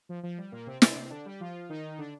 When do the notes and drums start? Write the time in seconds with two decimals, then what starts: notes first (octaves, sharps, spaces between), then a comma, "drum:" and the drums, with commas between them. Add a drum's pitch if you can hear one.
0.09 F3
0.23 F3
0.38 G3
0.52 A#2 A#3
0.67 C3 C4
0.82 C3 C4, drum: snare
0.92 D4
0.96 C3 C4
1.10 D3 D4
1.25 G3 G4
1.40 F3 F4
1.69 D#3 D#4
1.98 D3 D4